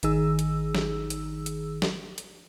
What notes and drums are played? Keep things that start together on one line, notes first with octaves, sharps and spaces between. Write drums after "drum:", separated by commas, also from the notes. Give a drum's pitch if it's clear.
G#1 D#3 D#4 G#4 E6, drum: hi-hat
drum: hi-hat
drum: snare
drum: hi-hat
drum: hi-hat
drum: snare
drum: hi-hat